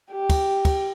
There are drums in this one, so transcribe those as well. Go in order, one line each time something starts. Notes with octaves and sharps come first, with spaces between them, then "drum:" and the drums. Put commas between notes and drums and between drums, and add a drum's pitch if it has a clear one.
G4
drum: kick, cymbal
drum: kick, cymbal